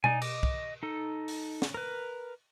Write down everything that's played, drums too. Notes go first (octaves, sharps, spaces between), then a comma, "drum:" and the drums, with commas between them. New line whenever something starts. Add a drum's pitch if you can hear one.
D#4 D5 G#5, drum: tom B2
D#5 D6, drum: cymbal
drum: kick
D#4 A4
drum: open hi-hat
drum: snare
A#4 B4